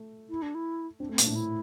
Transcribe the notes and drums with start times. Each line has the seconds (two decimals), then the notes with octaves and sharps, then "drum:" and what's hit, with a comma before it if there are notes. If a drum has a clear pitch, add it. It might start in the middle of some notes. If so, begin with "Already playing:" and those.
Already playing: A3
0.30 E4
0.42 D4
0.55 E4
1.00 C4 D4
1.09 A3
1.12 C4
1.18 A#2, drum: hi-hat
1.24 A2 D4
1.35 A#2 E4